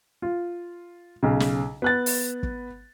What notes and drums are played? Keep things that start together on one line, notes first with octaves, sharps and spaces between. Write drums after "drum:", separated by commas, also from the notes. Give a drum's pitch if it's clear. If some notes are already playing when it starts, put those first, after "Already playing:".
F4
B1 C#3
drum: snare
B3 F#6 A6
drum: open hi-hat
drum: kick